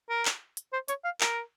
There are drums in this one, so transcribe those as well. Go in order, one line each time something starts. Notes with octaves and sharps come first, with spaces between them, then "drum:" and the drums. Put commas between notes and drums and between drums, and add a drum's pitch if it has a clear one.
A#4
drum: clap
drum: hi-hat
C5
C#5, drum: hi-hat
F5
A#4, drum: clap